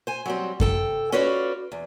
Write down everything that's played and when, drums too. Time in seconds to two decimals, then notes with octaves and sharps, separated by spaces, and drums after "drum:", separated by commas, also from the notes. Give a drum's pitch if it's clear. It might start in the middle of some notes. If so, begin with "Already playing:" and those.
0.07 C5 G#5
0.26 F#3 G3 C4
0.60 C3 A4 G5, drum: kick F#2
1.12 C#4 F4 F#4 B4 C#5 D5
1.72 E2